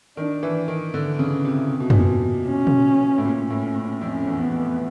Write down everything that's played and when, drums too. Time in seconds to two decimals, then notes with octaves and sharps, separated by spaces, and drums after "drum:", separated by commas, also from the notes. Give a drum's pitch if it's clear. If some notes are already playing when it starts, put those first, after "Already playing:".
0.17 D#3 D4
0.43 E3
0.68 D#3
0.94 D3
1.19 C#3
1.45 C3
1.71 C3
1.80 B2
1.90 A#2, drum: tom
2.00 B2
2.47 C#4
2.67 drum: tom
3.18 A2
3.24 A#2 C#4
3.50 A2
4.01 F2 C#4
4.27 E2
4.39 B3
4.53 F2